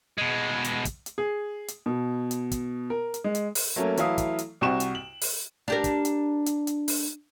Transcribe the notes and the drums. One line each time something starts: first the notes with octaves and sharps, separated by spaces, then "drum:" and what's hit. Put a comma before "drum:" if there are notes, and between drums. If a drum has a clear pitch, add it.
B2 G#3
drum: hi-hat
drum: kick, hi-hat
drum: hi-hat
G#4
drum: hi-hat
B2
drum: hi-hat
drum: kick, hi-hat
A#4
drum: hi-hat
G#3
drum: hi-hat
drum: open hi-hat
F#3 A3 A#3 C#4
E3 F#3 A3 E4 F5 D#6, drum: hi-hat
drum: kick, hi-hat
drum: hi-hat
C2 C3 F#4 C#6 E7
drum: hi-hat
F#7
drum: open hi-hat
D4 G4 A#4
drum: kick, hi-hat
drum: hi-hat
drum: hi-hat
drum: hi-hat
drum: open hi-hat